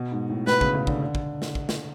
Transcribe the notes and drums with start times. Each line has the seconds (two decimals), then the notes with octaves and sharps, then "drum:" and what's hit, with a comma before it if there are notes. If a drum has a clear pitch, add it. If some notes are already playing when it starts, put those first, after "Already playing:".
Already playing: B2
0.11 G#2
0.29 A2
0.47 B2 B4, drum: snare
0.61 C#3, drum: kick
0.75 C#3
0.87 D3, drum: kick
1.02 D3
1.15 drum: kick
1.42 drum: snare
1.55 drum: kick
1.69 drum: snare